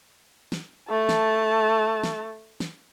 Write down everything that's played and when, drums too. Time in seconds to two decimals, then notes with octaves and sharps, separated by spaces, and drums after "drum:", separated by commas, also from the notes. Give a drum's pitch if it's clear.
0.52 drum: snare
0.90 A3 A5
1.09 drum: snare
2.04 drum: snare
2.60 drum: snare